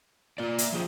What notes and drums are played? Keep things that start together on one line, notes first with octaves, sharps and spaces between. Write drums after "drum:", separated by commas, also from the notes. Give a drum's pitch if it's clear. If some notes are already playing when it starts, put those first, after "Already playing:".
A#3 F4 D5
E4, drum: hi-hat
F3 C4 F4 G#4 C5